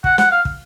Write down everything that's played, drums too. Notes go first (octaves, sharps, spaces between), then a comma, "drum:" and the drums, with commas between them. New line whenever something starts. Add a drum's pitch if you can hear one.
F#5, drum: kick
F#5, drum: snare
F5
drum: kick